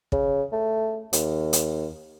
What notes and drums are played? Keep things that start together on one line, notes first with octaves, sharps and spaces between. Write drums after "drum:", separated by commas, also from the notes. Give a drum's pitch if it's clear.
C#3, drum: kick
A3
D#2, drum: hi-hat
drum: hi-hat